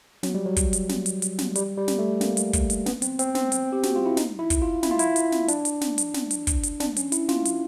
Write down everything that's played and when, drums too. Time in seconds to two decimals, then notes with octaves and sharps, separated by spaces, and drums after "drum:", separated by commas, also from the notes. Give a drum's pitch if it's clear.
0.23 F#3, drum: snare
0.35 G3
0.46 F#3
0.56 drum: kick, hi-hat
0.73 drum: hi-hat
0.89 drum: snare
1.06 drum: hi-hat
1.22 drum: hi-hat
1.38 drum: snare
1.55 G3, drum: hi-hat
1.77 G3
1.88 drum: snare
1.99 A3
2.21 A#3, drum: snare
2.37 drum: hi-hat
2.53 drum: kick, hi-hat
2.70 drum: hi-hat
2.86 B3, drum: snare
3.02 C4, drum: hi-hat
3.19 C4, drum: hi-hat
3.35 C4, drum: snare
3.52 drum: hi-hat
3.73 G4
3.83 F#4, drum: snare
3.96 F4
4.06 E4
4.17 D#4, drum: snare
4.39 E4
4.50 drum: kick, hi-hat
4.62 F4
4.83 E4, drum: snare
4.91 F4
4.99 E4, drum: hi-hat
5.16 drum: hi-hat
5.32 drum: snare
5.48 D4, drum: hi-hat
5.65 drum: hi-hat
5.81 drum: snare
5.98 drum: hi-hat
6.14 drum: snare
6.31 drum: hi-hat
6.47 drum: kick, hi-hat
6.63 drum: hi-hat
6.80 D4, drum: snare
6.97 C#4, drum: hi-hat
7.12 E4, drum: hi-hat
7.29 F4, drum: snare
7.45 drum: hi-hat